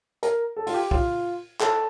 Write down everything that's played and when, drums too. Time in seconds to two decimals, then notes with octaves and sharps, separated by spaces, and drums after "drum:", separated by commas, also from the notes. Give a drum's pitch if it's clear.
0.23 A#4, drum: hi-hat
0.57 A4
0.67 F4, drum: open hi-hat
0.74 G4
0.91 F4, drum: kick
1.60 A4, drum: clap